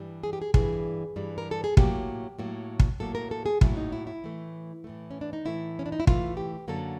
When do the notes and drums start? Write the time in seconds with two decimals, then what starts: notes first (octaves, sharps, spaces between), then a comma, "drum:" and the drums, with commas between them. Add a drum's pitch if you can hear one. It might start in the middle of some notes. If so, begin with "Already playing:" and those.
Already playing: G2 E3 G3
0.24 G#4
0.33 G4
0.42 G#4
0.54 G2 E3 G3 G#4, drum: kick
1.16 G2 E3 G3
1.38 A#4
1.51 A4
1.64 G#4
1.77 A2 F#3 A#3 G4, drum: kick
2.39 A2 F#3 A#3
2.80 drum: kick
3.00 A2 F#3 A#3 A4
3.15 A#4
3.31 A4
3.46 G#4
3.61 A2 F#3 A#3 E4, drum: kick
3.77 D#4
3.92 E4
4.07 E4
4.22 A2 E3 A3
4.84 A2 E3 A3
5.11 C#4
5.21 D4
5.33 D#4
5.45 A2 E3 A3 E4
5.79 C#4
5.86 D4
5.92 D#4
6.00 E4
6.07 A2 E3 A3 F4, drum: kick
6.37 G4
6.68 F#2 D3 F#3 A#3 A4